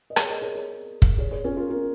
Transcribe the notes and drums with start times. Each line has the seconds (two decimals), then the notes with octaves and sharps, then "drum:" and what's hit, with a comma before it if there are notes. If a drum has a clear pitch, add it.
0.10 D#5
0.16 G#4 C#5, drum: rim click
0.30 A#4 D#5
0.41 G#4 C#5
0.55 G#4 C#5
1.02 drum: kick
1.18 G#4 C#5
1.31 G#4 C#5
1.44 C#4 F4
1.57 F4 A#4
1.70 F4 A#4